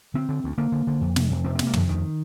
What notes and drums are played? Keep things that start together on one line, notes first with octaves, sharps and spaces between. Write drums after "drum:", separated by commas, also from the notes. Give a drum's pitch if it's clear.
D3 C4
D3
D2
D3 A#3
D3
D3
F2
C3, drum: snare
F2
C3 C4
C4
C3, drum: snare
A#3
F2 D3, drum: tom
D2 D#3